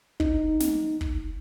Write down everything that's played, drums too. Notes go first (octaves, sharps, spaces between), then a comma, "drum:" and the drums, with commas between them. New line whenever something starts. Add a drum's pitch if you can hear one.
D#4, drum: kick
drum: snare
drum: kick